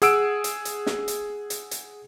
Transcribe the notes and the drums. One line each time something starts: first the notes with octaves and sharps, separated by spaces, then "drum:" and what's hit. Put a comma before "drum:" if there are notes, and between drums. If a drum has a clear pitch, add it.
G#4 F#5 E6 D7, drum: hi-hat
drum: hi-hat
drum: hi-hat
drum: snare
drum: hi-hat
drum: hi-hat
drum: hi-hat